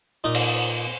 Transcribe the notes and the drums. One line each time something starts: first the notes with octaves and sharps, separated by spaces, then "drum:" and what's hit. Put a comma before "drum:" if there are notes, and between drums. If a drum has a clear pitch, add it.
A#2 D#4
drum: cymbal